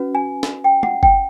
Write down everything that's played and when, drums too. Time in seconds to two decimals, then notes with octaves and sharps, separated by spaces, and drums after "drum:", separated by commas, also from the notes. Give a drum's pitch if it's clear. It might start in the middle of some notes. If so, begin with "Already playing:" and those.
Already playing: C#4 F#4 B4
0.15 G#5
0.43 drum: snare
0.64 G5
0.83 F#5, drum: tom
1.03 G5, drum: kick G1